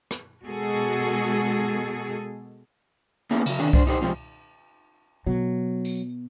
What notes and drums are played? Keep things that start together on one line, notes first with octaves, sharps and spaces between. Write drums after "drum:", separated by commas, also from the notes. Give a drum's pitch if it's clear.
drum: rim click
B2 G#3 F#4 G#4 A4
A#3 B3 C#4 E4 G#4
C#3 F#3, drum: cymbal
C3 D#3 D4 G#4
D4 C5, drum: kick C2
D#4 G4 C5
C3 F3 G#3 C4
B2 F#3
drum: tambourine